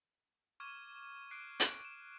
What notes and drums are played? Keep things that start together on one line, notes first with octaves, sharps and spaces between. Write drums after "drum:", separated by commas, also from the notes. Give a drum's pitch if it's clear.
C#6 D6 F6 G#6 D#7 E7
D6 F#6 C7 D7 D#7
drum: hi-hat
E7